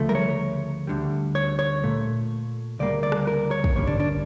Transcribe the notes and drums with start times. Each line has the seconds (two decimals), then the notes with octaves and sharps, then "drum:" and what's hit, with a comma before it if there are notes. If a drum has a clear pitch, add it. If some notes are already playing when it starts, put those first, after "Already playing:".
Already playing: D2 C#3 F3 A3
0.09 A#4, drum: tom F#3
0.15 C#5
0.87 D2 D3 G3
1.35 C#5
1.59 C#5
1.84 A#2 A3
2.79 D2 C#3 G3 A#3 D5
3.03 D5
3.12 drum: rim click
3.27 A#4
3.51 C#5
3.64 drum: kick
3.75 G2 D3 G3 A#3 C#5
3.87 D4, drum: tom G#2
4.00 D4